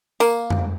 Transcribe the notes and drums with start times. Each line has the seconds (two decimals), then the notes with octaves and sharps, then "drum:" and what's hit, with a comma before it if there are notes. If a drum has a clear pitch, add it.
0.20 A#3, drum: tambourine
0.50 drum: tom F2